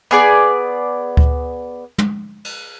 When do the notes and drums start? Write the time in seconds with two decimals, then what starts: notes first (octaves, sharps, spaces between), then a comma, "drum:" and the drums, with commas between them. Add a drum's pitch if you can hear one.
0.11 B3 G#4 D5
1.17 drum: kick D2
1.98 drum: tom
2.45 drum: cymbal